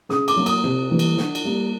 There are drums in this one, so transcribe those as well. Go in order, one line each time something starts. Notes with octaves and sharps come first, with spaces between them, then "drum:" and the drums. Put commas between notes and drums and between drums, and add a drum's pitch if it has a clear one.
C#3 D#6, drum: snare
D6, drum: cymbal
F#3 A#3
D#6, drum: cymbal
C3, drum: tom C3
E3 G3 A#3
drum: cymbal
D3, drum: snare
drum: cymbal
G3 A#3